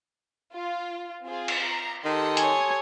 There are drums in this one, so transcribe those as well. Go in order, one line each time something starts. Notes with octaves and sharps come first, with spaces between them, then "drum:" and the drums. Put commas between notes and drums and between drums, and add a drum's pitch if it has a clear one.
F4
C4 F4 G#4
drum: cymbal
A#5
D#3 G4 A4 C6 D#6 C#7
C#5 G#5, drum: hi-hat